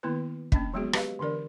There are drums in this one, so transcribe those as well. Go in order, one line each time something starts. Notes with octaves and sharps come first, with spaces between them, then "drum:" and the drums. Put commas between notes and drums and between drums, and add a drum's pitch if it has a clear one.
D#3 A#3 B3 E4 B4
A#3 C#4 D4 D#5, drum: kick
F3 F#3 G#3 B3 F#4 G#4
G4 B4 D#5 F5, drum: rim click
D3 E3 D4 A#4 D5